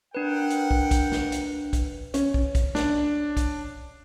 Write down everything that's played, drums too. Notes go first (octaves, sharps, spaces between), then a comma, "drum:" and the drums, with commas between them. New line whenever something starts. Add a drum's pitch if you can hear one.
D4 A#4 B4 F#5 G5
drum: hi-hat
drum: kick
drum: kick, hi-hat
drum: snare
drum: hi-hat
drum: kick, hi-hat
C#4, drum: hi-hat
drum: kick
drum: kick, hi-hat
D4, drum: snare
drum: kick, hi-hat